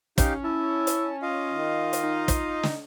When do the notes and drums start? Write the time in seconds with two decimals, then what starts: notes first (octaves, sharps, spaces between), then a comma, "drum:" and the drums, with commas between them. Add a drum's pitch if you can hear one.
0.18 C#4 D#4 G4 F5, drum: kick, hi-hat
0.44 E4 A5
0.87 drum: hi-hat
1.22 F4 D#5 F5
1.52 D#3
1.93 drum: hi-hat
2.03 D#4
2.28 drum: kick, hi-hat
2.63 drum: snare